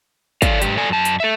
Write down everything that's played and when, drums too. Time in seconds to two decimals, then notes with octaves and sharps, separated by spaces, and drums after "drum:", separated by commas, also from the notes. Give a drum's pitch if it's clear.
0.42 A4 D5 F5, drum: kick, hi-hat
0.62 G#2 G4, drum: hi-hat
0.77 A4 D5 G#5
0.89 F#2 A5
1.05 drum: hi-hat
1.20 A4 E5